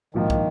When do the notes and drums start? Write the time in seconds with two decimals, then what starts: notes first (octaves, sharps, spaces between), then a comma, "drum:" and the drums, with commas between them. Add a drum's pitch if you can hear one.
0.15 A#1 G#2 D#3 F3 A#3 F4
0.30 drum: kick